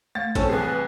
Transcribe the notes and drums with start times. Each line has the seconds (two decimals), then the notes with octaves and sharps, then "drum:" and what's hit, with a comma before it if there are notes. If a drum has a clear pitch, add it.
0.15 A3 F5 A6
0.35 C4 C#4 A4, drum: kick G#1, hi-hat
0.50 C2 E3 G#4 B4